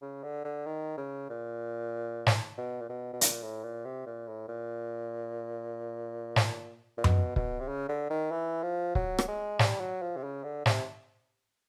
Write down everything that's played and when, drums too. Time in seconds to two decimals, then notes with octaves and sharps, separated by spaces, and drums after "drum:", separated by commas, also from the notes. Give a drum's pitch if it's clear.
0.02 C#3
0.23 D3
0.45 D3
0.66 D#3
0.97 C#3
1.30 A#2
2.26 drum: snare
2.58 B2
2.81 A#2
2.89 B2
3.13 B2
3.21 A#2, drum: hi-hat
3.42 A2
3.64 A#2
3.85 C3
4.06 A#2
4.28 A2
4.48 A#2
6.36 drum: snare
6.98 A#2
7.04 B2, drum: tom F#2
7.36 B2, drum: kick
7.60 C3
7.68 C#3
7.89 D3
8.10 D#3
8.32 E3
8.63 F3
8.95 F#3, drum: kick
9.19 drum: rim click
9.28 G#3
9.59 G3, drum: snare
9.80 F#3
10.02 F3
10.17 C3
10.24 C#3
10.44 D3
10.66 C3, drum: snare